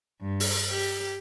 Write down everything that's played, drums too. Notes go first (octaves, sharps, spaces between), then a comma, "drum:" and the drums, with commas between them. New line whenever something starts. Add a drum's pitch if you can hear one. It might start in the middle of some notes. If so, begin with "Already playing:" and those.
G2
drum: open hi-hat
G4